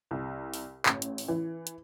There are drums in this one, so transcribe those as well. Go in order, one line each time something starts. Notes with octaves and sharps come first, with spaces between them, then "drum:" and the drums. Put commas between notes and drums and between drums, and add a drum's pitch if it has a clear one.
C2
drum: open hi-hat
A1, drum: clap
drum: hi-hat
drum: open hi-hat
E3
drum: hi-hat